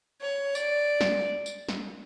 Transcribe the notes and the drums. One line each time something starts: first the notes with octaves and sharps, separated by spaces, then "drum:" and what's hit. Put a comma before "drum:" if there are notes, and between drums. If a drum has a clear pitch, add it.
C#5
D5, drum: tambourine
drum: snare
drum: tambourine
drum: snare